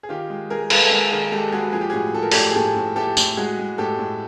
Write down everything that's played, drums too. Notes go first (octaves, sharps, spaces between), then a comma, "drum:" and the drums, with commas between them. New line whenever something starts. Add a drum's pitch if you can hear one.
G#4
D#3 F4 G4
G#3
G#3 G#4 A#4
G#3 A4 B4, drum: cymbal
A4
G#3 G#4 A#4
D#3 G#4 A#4
G#3 G4 A4
G#3 F#4 G#4
F3 G#4
G4
A2 F#4 G#4
F3 A4
A#4
A2 G4 A4, drum: open hi-hat
G#4
A2 G4 A4
A2
A3 G4 A4
A2, drum: tambourine
G#3 F#4 G#4
G#3
A2 G4 A4
A2